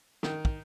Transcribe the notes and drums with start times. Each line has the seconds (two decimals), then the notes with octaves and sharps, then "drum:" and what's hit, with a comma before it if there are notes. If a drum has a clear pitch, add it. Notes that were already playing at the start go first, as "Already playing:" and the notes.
0.23 D#3, drum: snare
0.45 drum: kick